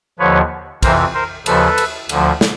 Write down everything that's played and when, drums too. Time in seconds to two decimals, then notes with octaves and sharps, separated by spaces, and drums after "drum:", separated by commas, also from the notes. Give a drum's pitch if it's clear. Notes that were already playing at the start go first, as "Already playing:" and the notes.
0.19 D#2 D3 F3 B4 C#5
0.83 F2 C3 E3 A#4 C5, drum: kick A#1, cymbal
1.14 A#4 C5
1.46 D#2 C#3 F3 A4 B4, drum: cymbal
1.78 drum: cymbal
2.09 D2 D3 F3, drum: cymbal
2.41 drum: snare